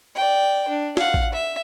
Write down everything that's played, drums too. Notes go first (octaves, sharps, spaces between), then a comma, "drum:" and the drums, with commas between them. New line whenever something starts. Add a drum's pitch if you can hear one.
D5 G5
D4
F5 F#5, drum: snare
drum: kick A1
E5